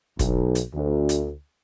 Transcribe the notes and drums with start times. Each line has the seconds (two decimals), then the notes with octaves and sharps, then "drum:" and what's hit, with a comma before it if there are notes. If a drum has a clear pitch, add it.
0.19 B1, drum: kick, hi-hat
0.55 drum: hi-hat
0.74 D2
1.09 drum: hi-hat